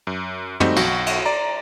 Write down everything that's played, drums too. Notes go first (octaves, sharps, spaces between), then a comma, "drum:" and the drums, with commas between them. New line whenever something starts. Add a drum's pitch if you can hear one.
F#2
G3 A3 C4 D#4 F#4, drum: tom
B1 F#4 F#5, drum: cymbal
drum: cymbal
D5 A#5